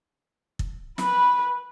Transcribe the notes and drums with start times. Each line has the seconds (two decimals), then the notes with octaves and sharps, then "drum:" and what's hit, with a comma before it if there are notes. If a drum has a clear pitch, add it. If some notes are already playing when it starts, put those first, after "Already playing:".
0.59 drum: kick
0.98 B4 B5, drum: snare